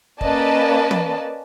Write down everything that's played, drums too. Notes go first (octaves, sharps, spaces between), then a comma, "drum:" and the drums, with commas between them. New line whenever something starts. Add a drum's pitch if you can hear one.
A#3 C#4 B4 D5 D#5 A5, drum: kick
drum: tom